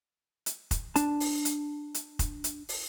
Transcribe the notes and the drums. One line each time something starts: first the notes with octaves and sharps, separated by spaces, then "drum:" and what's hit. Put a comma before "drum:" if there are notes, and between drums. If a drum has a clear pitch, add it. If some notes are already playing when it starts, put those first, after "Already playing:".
drum: hi-hat
drum: kick F1, hi-hat
D4 A5, drum: hi-hat
drum: open hi-hat
drum: hi-hat
drum: hi-hat
drum: kick F1, hi-hat
drum: hi-hat
drum: open hi-hat